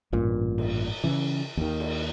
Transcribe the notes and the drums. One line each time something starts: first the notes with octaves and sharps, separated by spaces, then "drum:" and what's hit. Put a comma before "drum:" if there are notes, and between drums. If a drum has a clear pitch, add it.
A1 G2 A#2
drum: cymbal
C#3 E3
D#2 D#3
drum: cymbal